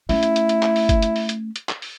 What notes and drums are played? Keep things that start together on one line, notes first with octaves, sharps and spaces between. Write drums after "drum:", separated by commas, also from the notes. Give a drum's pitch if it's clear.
A3 C#4 E4, drum: open hi-hat
drum: hi-hat
drum: hi-hat
drum: hi-hat
drum: clap
drum: open hi-hat
drum: kick G1, hi-hat
drum: hi-hat
drum: open hi-hat
drum: hi-hat
drum: hi-hat
drum: clap
drum: open hi-hat